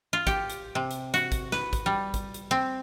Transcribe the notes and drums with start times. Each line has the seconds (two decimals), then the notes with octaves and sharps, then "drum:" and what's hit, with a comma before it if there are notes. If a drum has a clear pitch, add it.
0.13 F4
0.27 G4, drum: kick, hi-hat
0.50 drum: hi-hat
0.75 C3
0.91 drum: hi-hat
1.14 F#4, drum: hi-hat
1.32 drum: kick, hi-hat
1.52 B4, drum: snare
1.73 drum: kick, hi-hat
1.86 G3
2.14 drum: kick, hi-hat
2.34 drum: hi-hat
2.51 C4